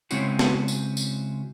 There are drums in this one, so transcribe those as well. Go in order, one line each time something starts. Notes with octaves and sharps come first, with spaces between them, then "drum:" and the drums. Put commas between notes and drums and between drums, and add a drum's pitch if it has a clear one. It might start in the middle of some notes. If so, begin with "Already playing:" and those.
C#3 G#3 C4 C#4 E4 F#4, drum: tambourine
drum: snare
drum: tambourine
drum: tambourine